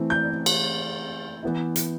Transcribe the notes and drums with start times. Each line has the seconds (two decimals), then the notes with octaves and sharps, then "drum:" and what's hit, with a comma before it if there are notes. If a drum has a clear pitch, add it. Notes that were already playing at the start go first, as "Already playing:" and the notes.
Already playing: E3 A3 C4 E4
0.10 G6
0.46 drum: cymbal
1.43 E3 B3 E4
1.76 drum: hi-hat